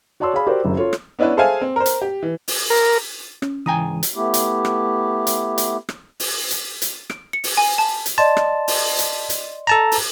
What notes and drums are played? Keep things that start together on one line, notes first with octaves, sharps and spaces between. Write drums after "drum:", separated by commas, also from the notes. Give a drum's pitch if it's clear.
F#4 C#5 D5 A5 C6 E6
G#4 D5 F5 B5
F#4 G4 A#4 C5 D5
F#1 F#2
F4 A4 C#5
drum: rim click
B3 C#4 D4 E4 B4
G#4 A4 C5 E5 F5 G#5
C4
A#4 C5
drum: hi-hat
G4
E3
drum: open hi-hat
A#4
C#4, drum: rim click
C#2 G#2 E3 G5 G#5 A#5 D#6
drum: hi-hat
A3 B3 E4 G4
drum: hi-hat
drum: rim click
drum: hi-hat
drum: hi-hat
drum: rim click
drum: open hi-hat
drum: hi-hat
drum: hi-hat
D7, drum: rim click
C#7
drum: open hi-hat
G#5
A5
drum: hi-hat
D5 D#5 A5 C6
drum: rim click
drum: open hi-hat
drum: hi-hat
drum: hi-hat
A4 A5 A#5
drum: open hi-hat